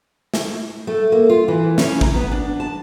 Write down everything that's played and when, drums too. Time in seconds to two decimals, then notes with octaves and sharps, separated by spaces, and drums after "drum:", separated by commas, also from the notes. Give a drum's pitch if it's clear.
0.34 drum: snare
0.87 A3
1.12 A#3
1.30 F4
1.48 E3
1.78 C#4, drum: snare
2.01 A#5, drum: kick
2.15 B3
2.32 D4
2.60 A5